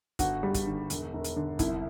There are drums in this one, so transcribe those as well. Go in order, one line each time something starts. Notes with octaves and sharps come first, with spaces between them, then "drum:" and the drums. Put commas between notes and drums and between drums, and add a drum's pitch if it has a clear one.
G1 F#4, drum: kick, hi-hat
G3
drum: kick, hi-hat
D3
E1, drum: hi-hat
E1
drum: hi-hat
D3
C2 E4, drum: kick, hi-hat